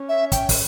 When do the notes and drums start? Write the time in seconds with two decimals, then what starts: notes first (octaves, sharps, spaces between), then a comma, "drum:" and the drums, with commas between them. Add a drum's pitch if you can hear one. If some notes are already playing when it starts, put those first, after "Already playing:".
Already playing: C#4
0.09 E5
0.32 G5, drum: kick, hi-hat
0.49 drum: kick, open hi-hat